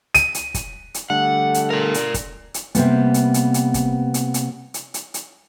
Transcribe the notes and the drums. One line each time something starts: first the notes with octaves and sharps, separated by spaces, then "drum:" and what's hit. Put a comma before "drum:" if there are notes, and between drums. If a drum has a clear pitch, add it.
D#7, drum: hi-hat
drum: hi-hat
drum: kick, hi-hat
drum: hi-hat
D3 G3 A3 F#5
drum: hi-hat
A#4 D5
drum: hi-hat
drum: kick, hi-hat
drum: hi-hat
C3 G3 A#3 B3, drum: hi-hat
drum: hi-hat
drum: hi-hat
drum: hi-hat
drum: kick, hi-hat
drum: hi-hat
drum: hi-hat
drum: hi-hat
drum: hi-hat
drum: hi-hat